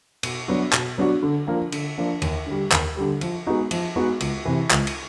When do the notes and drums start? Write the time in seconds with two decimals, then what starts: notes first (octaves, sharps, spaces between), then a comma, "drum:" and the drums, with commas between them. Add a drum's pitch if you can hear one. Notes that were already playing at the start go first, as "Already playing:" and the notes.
0.23 B2, drum: cymbal
0.48 F#3 B3 D4 F#4
0.73 B2, drum: clap
0.98 F#3 B3 D4 F#4
1.23 D3
1.47 F3 A#3 D4 F4
1.72 D3, drum: cymbal
1.98 F3 A#3 D4 F4
2.22 D#2, drum: cymbal
2.47 D3 G3
2.72 D#2, drum: clap
2.97 D3 G3
3.21 F3, drum: cymbal
3.47 G#3 B3 D#4 F#4
3.71 F3, drum: cymbal
3.96 G#3 B3 D#4 F#4
4.21 C#2, drum: cymbal
4.45 C3 E3
4.71 C#2, drum: clap
4.87 drum: cymbal